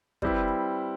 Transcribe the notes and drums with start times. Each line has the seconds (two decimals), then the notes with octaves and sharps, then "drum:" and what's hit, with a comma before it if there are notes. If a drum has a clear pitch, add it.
0.22 G3 C4 E4 G4 B4, drum: kick